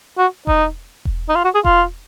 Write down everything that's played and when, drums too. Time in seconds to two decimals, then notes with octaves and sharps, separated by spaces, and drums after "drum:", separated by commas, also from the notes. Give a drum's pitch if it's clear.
0.18 F#4
0.47 D#4, drum: kick E1
1.05 drum: kick E1
1.29 D#4
1.35 F4
1.44 F#4
1.55 G#4
1.65 F4, drum: kick E1